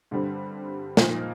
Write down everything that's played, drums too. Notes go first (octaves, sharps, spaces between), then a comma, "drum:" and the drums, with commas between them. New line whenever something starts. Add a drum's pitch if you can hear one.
G2 D3 G3 C4
A#2 F3 A#3 D#4, drum: snare